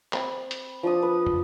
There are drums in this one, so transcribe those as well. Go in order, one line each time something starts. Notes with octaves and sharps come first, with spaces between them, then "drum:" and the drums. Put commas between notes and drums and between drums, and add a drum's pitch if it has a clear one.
C4 B5, drum: clap
drum: hi-hat
F3 D4 D#6
B4
drum: tom